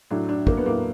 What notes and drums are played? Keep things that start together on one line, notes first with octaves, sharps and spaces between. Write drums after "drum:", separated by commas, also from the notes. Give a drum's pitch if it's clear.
A2 F#3 D4
D4
A#3, drum: kick
B3
A2 F#3 A#3